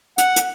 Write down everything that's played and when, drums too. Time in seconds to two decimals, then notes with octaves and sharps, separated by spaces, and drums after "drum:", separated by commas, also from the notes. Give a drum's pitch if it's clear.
0.18 F#5, drum: hi-hat
0.36 drum: hi-hat